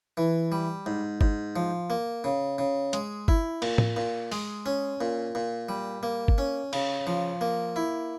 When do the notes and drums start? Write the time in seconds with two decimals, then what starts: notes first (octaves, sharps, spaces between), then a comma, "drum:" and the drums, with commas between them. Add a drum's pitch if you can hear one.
0.17 E3
0.52 G3
0.86 G#2
1.21 G#2, drum: kick G1
1.56 F3
1.90 A#3
2.24 C#3
2.58 C#3
2.93 G#3, drum: hi-hat
3.28 E4, drum: kick G1
3.62 A#2, drum: cymbal
3.78 drum: tom A2
3.97 A#2
4.32 G#3, drum: open hi-hat
4.66 C#4
5.01 A#2
5.35 A#2
5.69 G3
6.03 A#3
6.28 drum: kick G1
6.38 C#4
6.73 C#3, drum: cymbal
7.07 F3
7.41 A#3
7.76 E4